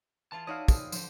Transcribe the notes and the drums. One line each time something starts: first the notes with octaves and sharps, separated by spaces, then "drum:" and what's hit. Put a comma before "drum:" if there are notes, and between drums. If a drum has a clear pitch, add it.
E3 F4 G#4 A5
D#4 E4 F#4 C#5 D5 F5 D#6
E3 C4, drum: kick, tambourine
D3 F3 C5, drum: tambourine